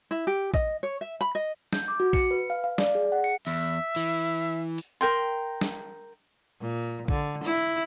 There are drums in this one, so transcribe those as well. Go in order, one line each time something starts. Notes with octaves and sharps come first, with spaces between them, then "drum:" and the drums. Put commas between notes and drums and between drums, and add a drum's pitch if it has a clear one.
E4
G4
D#5, drum: kick
C#5
E5
B5
D#5
G6, drum: snare
D6
F#4
C#7, drum: kick
B4
F5
F5
D5, drum: snare
G#4
F#5
C#7
E2 E5
E3
drum: hi-hat
A#4 G5 C6
drum: snare
A#2
D3, drum: kick
E4